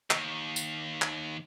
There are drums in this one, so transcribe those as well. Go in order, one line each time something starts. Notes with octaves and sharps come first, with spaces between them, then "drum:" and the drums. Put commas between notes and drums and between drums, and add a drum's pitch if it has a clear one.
D#2, drum: clap
drum: tambourine
drum: clap